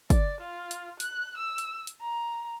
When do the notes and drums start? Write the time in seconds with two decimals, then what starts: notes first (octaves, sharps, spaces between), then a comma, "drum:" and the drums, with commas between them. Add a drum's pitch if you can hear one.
0.10 D5, drum: kick, hi-hat
0.41 F4
0.71 drum: hi-hat
1.00 F#6, drum: hi-hat
1.38 E6
1.58 drum: hi-hat
1.87 drum: hi-hat
2.01 A#5